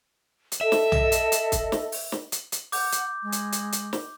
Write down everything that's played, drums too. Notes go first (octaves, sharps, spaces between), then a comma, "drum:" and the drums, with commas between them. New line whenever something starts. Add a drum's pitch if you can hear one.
drum: hi-hat
A4 D#5 E5
drum: snare
drum: tom
drum: hi-hat
drum: hi-hat
drum: kick, hi-hat
drum: snare
drum: open hi-hat
drum: snare
drum: hi-hat
drum: hi-hat
F#5 D6 G6, drum: open hi-hat
drum: hi-hat
G#3
drum: hi-hat
drum: hi-hat
drum: hi-hat
drum: snare